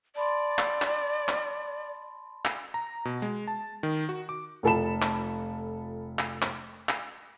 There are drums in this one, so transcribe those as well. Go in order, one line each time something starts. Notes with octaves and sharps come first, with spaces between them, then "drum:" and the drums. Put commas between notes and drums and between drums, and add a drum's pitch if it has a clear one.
D5 A5 B5 C6
drum: clap
drum: clap
drum: clap
drum: clap
A#5
B2
G#3
A5
D#3
F#4
D6
F1 F4 A4 A5 B5 E7
drum: clap
drum: clap
drum: clap
drum: clap